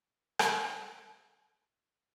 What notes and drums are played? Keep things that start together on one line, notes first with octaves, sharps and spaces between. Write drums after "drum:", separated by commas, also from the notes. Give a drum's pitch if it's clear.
A#4 C5 D5
drum: rim click